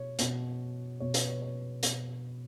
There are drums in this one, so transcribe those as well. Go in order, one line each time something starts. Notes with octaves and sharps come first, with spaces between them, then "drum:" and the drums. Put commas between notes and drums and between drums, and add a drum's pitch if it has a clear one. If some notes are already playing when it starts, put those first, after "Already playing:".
Already playing: B2 C#5
B2, drum: hi-hat
B2 C#5
B4, drum: hi-hat
C#5
C#5
B2, drum: hi-hat